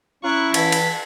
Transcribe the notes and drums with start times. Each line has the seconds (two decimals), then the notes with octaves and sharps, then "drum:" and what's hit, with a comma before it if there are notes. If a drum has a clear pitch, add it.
0.24 C#4 E4 A#5 C#6 F#6
0.54 E3 A5 B6, drum: cymbal
0.72 drum: cymbal